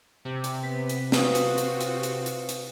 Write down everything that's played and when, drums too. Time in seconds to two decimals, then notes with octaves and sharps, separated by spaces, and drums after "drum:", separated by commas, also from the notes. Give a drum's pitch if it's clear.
0.25 C3
0.44 drum: hi-hat
0.63 B3 B6
0.89 drum: hi-hat
1.12 C4 F4 F#4 B4 F5 D#6, drum: snare
1.35 drum: hi-hat
1.58 drum: hi-hat
1.81 drum: hi-hat
2.03 drum: hi-hat
2.26 drum: hi-hat
2.49 drum: hi-hat